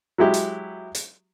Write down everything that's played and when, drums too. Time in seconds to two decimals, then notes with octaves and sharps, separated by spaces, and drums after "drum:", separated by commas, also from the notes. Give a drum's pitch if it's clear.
0.18 F#3 G#3 E4 G4
0.34 drum: hi-hat
0.95 drum: hi-hat